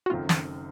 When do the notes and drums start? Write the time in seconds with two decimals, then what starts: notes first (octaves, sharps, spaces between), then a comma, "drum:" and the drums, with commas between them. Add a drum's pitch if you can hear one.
0.06 F#4
0.10 F#1 F#2 D#3 A3 C4 F4
0.29 drum: snare